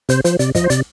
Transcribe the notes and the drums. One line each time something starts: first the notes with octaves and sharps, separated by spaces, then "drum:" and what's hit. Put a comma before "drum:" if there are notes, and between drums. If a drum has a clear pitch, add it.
C3 C5, drum: hi-hat
F3 C5, drum: hi-hat
C3 D5, drum: hi-hat
F3 D#5, drum: kick, hi-hat
C5
C3 D5, drum: hi-hat